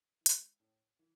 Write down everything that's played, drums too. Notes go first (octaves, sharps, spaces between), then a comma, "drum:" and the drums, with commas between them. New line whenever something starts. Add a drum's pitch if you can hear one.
E3
G#3, drum: hi-hat
A2
E3